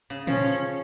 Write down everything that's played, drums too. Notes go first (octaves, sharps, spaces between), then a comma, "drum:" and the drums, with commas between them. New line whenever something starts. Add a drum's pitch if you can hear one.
C#3
F3 C#4, drum: tom A#2